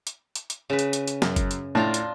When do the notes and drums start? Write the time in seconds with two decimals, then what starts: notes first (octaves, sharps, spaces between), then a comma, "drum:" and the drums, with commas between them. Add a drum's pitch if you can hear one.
0.07 drum: hi-hat
0.35 drum: hi-hat
0.50 drum: hi-hat
0.70 C#3 B4
0.79 drum: hi-hat
0.93 drum: hi-hat
1.08 drum: hi-hat
1.22 F#2, drum: snare
1.36 drum: kick F#1, hi-hat
1.51 drum: hi-hat
1.75 A2 D4 F4 A#5
1.94 drum: hi-hat